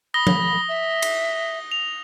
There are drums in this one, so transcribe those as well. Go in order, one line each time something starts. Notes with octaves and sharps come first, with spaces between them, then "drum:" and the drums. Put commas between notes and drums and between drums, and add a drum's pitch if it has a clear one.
B5 D#6 A#6 G7
drum: tom F3
E5
drum: cymbal
F7